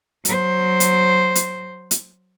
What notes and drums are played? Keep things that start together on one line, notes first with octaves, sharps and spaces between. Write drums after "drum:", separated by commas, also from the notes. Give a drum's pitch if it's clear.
F#3 C5, drum: hi-hat
drum: hi-hat
drum: hi-hat
drum: hi-hat